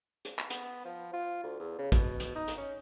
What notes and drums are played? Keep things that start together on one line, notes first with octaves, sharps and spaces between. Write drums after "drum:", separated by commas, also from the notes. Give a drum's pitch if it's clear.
drum: hi-hat
drum: clap
B3, drum: hi-hat
F3
F4
D2
E2
C#3
B2, drum: kick, hi-hat
drum: hi-hat
D#4
drum: hi-hat
C#4